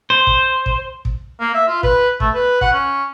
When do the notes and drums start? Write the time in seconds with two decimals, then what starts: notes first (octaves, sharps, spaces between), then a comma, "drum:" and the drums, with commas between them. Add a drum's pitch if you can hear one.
0.10 C5
0.27 drum: kick
0.66 drum: kick
1.05 drum: kick
1.40 A#3
1.54 E5
1.67 F4
1.83 B4, drum: kick
2.20 A3, drum: kick
2.34 B4
2.61 F#5, drum: kick
2.73 C#4